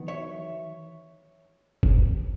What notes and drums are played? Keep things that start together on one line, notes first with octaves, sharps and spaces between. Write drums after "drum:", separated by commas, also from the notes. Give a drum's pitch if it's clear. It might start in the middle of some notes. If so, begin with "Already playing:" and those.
Already playing: E2 D#3 F#3 B3
C#5 E5
drum: kick